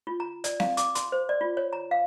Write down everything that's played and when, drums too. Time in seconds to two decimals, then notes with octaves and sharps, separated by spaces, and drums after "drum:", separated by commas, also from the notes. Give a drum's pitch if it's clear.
0.07 F4
0.20 A#5
0.44 D5, drum: hi-hat
0.60 F5, drum: snare C4
0.77 D6, drum: hi-hat
0.95 C6, drum: hi-hat
1.12 C5
1.29 D5
1.41 F4
1.57 C#5
1.73 A#5
1.91 F5